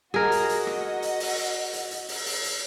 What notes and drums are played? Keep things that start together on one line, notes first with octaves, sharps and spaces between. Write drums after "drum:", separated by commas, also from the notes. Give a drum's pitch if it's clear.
F#4 G#4 A#4 D#5
drum: hi-hat
drum: hi-hat
drum: rim click
drum: hi-hat
drum: open hi-hat
drum: hi-hat
drum: hi-hat
drum: open hi-hat
drum: open hi-hat
drum: hi-hat